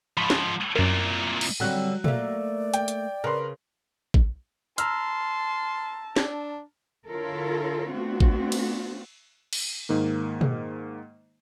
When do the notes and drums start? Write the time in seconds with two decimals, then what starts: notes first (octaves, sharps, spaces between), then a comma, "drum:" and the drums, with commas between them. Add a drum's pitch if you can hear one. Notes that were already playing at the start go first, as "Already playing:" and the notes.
0.17 G#2 F3 B5 C#6
0.30 drum: snare
0.76 C2 F#2 A#2 A#4
1.41 drum: cymbal
1.60 D3 F#3 G3 C4 C#4 F#6
2.04 A3 A#3 D5, drum: tom
2.74 G5, drum: hi-hat
2.88 drum: hi-hat
3.24 C#3 A#4 B4 C6
4.14 drum: kick
4.78 A5 A#5 C6 E6 F6, drum: hi-hat
6.16 D4, drum: snare
7.09 D3 E4 F4 A4 A#4 C#5
7.94 A3 B3 C4 D4 F4 F#4
8.20 drum: kick
8.52 drum: cymbal
9.53 drum: cymbal
9.89 G#2 D#3 A#3
10.41 drum: tom